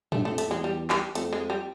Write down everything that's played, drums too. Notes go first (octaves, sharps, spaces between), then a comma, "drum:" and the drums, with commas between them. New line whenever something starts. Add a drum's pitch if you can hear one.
G2 A3, drum: tom A2
F#2
A3
F2
A3, drum: hi-hat
E2 G#3
G3
G3, drum: clap
F2 A3, drum: hi-hat
G#3
G3